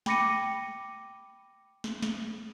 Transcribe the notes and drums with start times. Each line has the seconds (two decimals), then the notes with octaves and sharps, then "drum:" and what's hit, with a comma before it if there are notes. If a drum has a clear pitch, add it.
0.06 G5 B5 D6 A#6 C#7 D#7, drum: snare
1.84 drum: snare
2.02 drum: snare